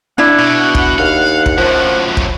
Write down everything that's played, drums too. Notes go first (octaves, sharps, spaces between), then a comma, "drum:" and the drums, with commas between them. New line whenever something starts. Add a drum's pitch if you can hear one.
D4 E4 F#5
B2
drum: kick
D#2 F5
drum: kick
F#2 A2 F3
drum: kick